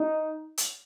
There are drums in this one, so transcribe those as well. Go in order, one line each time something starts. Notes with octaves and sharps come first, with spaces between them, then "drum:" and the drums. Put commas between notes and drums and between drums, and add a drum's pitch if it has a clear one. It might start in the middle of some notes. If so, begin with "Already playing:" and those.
Already playing: D#4
drum: hi-hat